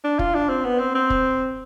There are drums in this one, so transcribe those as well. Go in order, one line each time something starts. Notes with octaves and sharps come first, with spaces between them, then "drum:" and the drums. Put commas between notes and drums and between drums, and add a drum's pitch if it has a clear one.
D4
F4, drum: kick
D4
C4
B3
C4
C4
drum: kick